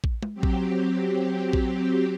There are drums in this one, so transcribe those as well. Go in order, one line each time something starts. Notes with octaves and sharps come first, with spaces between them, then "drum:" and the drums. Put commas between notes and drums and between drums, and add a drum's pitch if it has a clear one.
drum: kick A#1
drum: tom G#3
F#3 C4 G4
drum: kick A#1
drum: kick A#1